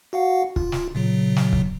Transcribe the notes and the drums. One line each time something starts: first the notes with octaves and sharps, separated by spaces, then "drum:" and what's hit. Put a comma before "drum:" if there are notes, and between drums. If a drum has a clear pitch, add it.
F#4 F5 F#5
F4, drum: kick
drum: snare
A#2 C#3 F#3
drum: snare
drum: kick